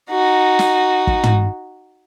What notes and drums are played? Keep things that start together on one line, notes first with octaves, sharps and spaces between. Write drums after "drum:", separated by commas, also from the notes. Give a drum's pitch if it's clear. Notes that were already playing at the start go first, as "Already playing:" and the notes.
D#4 F#4
drum: snare
drum: kick
drum: tom